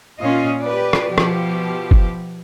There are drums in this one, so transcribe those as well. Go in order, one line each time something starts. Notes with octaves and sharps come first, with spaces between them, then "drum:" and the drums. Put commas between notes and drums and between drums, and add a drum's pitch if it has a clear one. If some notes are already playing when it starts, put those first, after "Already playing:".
A#2 C#4 F4 D#5
G4 B4 D5
drum: rim click
B2 F3 G4
drum: rim click
drum: kick